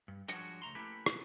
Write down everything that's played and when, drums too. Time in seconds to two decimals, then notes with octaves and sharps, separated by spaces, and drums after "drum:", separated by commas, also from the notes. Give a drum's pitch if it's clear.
0.08 G2
0.28 F3 G3 G#3 D4 F#4 C#5, drum: hi-hat
0.62 C#2 A3 A#5 C6
0.75 A3 A#3 C#4 E4 G4 B4
1.06 drum: rim click